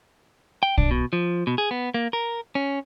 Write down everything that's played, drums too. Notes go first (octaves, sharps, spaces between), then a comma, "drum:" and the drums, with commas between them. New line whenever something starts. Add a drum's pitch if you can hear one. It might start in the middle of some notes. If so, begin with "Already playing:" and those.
G5
D4, drum: kick
B2
F3
B2
G#4
B3
A#3
A#4
C#4